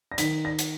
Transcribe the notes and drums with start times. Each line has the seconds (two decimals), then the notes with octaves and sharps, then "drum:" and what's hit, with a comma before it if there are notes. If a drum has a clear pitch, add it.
0.12 A#6
0.18 D#3 B6, drum: hi-hat
0.45 A#6
0.59 drum: hi-hat